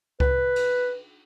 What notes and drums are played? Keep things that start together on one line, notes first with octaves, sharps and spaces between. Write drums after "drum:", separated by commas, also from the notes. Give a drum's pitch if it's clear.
B4, drum: kick C#2
drum: cymbal